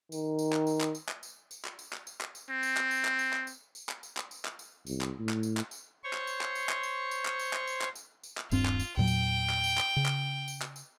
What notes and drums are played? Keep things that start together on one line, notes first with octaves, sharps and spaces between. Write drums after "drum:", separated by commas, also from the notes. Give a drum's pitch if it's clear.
D#3, drum: tambourine
drum: tambourine
drum: clap
drum: tambourine
drum: clap
drum: tambourine
drum: clap
drum: tambourine
drum: tambourine
drum: clap
drum: tambourine
drum: clap
drum: tambourine
drum: clap
drum: tambourine
C4
drum: tambourine
drum: clap
drum: tambourine
drum: clap
drum: tambourine
drum: clap
drum: tambourine
drum: tambourine
drum: clap
drum: tambourine
drum: clap
drum: tambourine
drum: clap
drum: tambourine
C2, drum: tambourine
drum: clap
A2
drum: clap
drum: tambourine
drum: clap
drum: tambourine
C5 C#5 C#6
drum: clap
drum: tambourine
drum: clap
drum: tambourine
drum: clap
drum: tambourine
drum: tambourine
drum: clap
drum: tambourine
drum: clap
drum: tambourine
drum: clap
drum: tambourine
drum: tambourine
drum: clap
D#1 G2 C4 F4, drum: tambourine
drum: clap
drum: tambourine
E2 A#2 F#3 G5
drum: tambourine
drum: clap
drum: tambourine
drum: clap
C#3
drum: clap
drum: tambourine
drum: clap
drum: tambourine